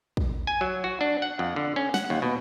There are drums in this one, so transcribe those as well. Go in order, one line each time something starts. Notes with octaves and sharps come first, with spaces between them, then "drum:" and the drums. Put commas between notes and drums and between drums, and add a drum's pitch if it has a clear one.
drum: kick
G#5
F#3
F#4
D4
F#5
F2
D3
C#4
F#5, drum: snare
D#2
B2